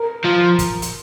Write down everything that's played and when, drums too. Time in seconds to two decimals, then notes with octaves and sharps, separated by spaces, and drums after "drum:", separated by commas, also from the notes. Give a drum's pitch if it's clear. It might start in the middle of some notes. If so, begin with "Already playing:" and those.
Already playing: A#4
0.24 F3
0.59 drum: kick, hi-hat
0.82 drum: hi-hat